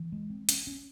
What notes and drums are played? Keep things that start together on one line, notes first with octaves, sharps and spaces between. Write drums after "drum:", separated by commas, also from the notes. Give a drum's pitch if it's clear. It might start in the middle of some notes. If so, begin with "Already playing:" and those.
Already playing: E3
G#3
C4
C#4, drum: hi-hat
C#4